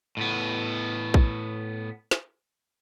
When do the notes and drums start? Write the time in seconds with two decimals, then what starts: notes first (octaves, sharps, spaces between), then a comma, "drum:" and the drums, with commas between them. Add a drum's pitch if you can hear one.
0.17 A2 B3
1.14 drum: kick A#1
2.11 drum: snare